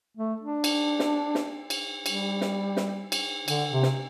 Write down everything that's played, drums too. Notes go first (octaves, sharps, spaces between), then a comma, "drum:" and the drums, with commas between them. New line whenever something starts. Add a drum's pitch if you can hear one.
A3
D4
drum: cymbal
drum: snare
drum: snare
drum: cymbal
G3, drum: cymbal
drum: snare
drum: snare
drum: cymbal
D3, drum: cymbal
C3
drum: snare